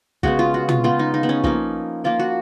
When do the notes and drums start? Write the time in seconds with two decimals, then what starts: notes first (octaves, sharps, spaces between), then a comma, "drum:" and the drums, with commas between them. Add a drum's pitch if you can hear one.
0.23 C#3 G#3 B3 F#4, drum: kick
0.39 F4
0.54 F#4
0.69 F4, drum: tom
0.84 C#3 G#3 B3 F4
0.99 D#4
1.14 D#4
1.23 B3
1.29 C#4
1.44 F3 A#3 D#4, drum: kick
2.04 F3 A#3 F4
2.19 F#4